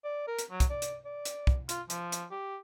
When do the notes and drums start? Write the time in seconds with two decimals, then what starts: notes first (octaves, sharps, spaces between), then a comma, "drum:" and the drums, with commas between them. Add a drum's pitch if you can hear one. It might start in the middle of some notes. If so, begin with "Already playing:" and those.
0.04 D5
0.27 A#4
0.39 drum: hi-hat
0.51 F#3
0.60 drum: kick, hi-hat
0.70 D5
0.82 drum: hi-hat
1.05 D5
1.25 drum: hi-hat
1.47 drum: kick
1.69 F4, drum: hi-hat
1.90 F3, drum: hi-hat
2.12 drum: hi-hat
2.31 G4